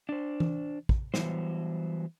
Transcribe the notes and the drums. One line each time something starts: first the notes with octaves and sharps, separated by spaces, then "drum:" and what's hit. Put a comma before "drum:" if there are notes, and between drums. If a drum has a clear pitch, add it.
D4 C5
drum: tom E3
drum: kick
E3 F#3 G3 B3 C5, drum: snare